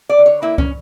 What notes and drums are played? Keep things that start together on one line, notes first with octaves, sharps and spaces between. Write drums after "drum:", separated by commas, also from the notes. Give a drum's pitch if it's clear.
D5
D3
C#5
A#3 E4
C#4, drum: kick